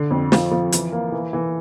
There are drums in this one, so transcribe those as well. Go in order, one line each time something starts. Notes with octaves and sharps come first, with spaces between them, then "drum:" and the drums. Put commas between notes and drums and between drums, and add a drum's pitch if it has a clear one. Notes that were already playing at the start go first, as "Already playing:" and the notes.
Already playing: D3
F2
F3, drum: snare
F3
E3, drum: hi-hat
A#3
E3
E3